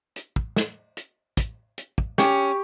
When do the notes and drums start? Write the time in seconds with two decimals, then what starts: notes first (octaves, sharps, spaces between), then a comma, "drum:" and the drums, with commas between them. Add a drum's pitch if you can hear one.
0.16 drum: hi-hat
0.36 drum: kick
0.56 drum: snare
0.97 drum: hi-hat
1.37 drum: kick, hi-hat
1.78 drum: hi-hat
1.98 drum: kick
2.18 C#4 G4, drum: snare